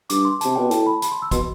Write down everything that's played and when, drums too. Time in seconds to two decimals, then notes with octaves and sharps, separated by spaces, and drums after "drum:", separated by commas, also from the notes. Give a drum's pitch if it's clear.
0.10 G2 D6, drum: hi-hat
0.25 C6
0.41 C3 A5, drum: hi-hat
0.56 B2 G5
0.71 A2 A5, drum: hi-hat
0.87 B5
1.02 B5, drum: hi-hat
1.11 C6
1.22 E6
1.31 B2 C6, drum: kick, hi-hat